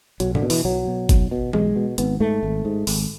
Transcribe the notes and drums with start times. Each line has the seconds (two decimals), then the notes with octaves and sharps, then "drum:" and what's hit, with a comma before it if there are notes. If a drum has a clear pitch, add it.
0.20 B1 F#3, drum: hi-hat
0.35 D3, drum: tom G#2
0.42 B2
0.50 E3, drum: open hi-hat
0.65 B1 F#3
0.87 B2
1.09 B1, drum: kick G1, hi-hat
1.31 B2
1.53 B1 G#3, drum: tom E3
1.76 B2
1.98 G#1 B3, drum: hi-hat
2.20 G#2 A3
2.43 G#1
2.65 G#2
2.87 G#1, drum: open hi-hat